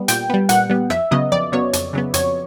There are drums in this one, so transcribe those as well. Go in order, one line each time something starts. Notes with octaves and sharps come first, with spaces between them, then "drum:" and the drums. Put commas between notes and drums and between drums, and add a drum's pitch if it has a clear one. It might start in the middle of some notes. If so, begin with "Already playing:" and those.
Already playing: G3 B3
A#2 G5, drum: hi-hat
G3 B3
A#2 F#5, drum: hi-hat
G3 B3
F2 E5, drum: rim click
C#3 F#3 B3 D#5
F2 D5
C#3 F#3 B3 C#5
F2, drum: hi-hat
C#3 F#3 B3
F2 C#5, drum: hi-hat